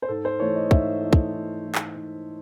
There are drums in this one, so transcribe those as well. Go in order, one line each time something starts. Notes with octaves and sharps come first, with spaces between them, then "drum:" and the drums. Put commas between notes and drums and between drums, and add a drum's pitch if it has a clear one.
C5
G#2 A4
C5
E3 A3 C#5
D#5
G#2 E5, drum: kick
E3 A3 D#5
drum: kick
G#2
E3 A3
drum: clap
G#2